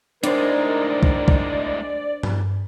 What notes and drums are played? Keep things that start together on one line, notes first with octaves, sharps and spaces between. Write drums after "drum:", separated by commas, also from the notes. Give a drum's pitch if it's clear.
A2 G#3 D4 D#4 A#4 C5 D5, drum: hi-hat
drum: kick
drum: kick
drum: tom G2